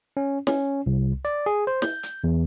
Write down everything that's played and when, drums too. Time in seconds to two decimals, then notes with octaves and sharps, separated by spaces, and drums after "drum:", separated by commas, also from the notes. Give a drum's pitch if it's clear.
0.17 C#4
0.47 C#4, drum: snare
0.86 C2
1.25 D5
1.46 G#4
1.67 C5
1.82 G6, drum: snare
2.03 drum: hi-hat
2.24 E2